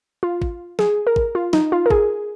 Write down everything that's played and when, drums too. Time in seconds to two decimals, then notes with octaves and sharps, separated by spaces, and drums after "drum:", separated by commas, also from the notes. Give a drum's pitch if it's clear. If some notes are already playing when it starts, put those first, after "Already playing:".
0.23 F4
0.42 drum: kick
0.79 G#4, drum: snare
1.07 A#4
1.16 drum: kick
1.35 F4
1.53 D#4, drum: snare
1.72 F4
1.86 A#4
1.90 G#4, drum: kick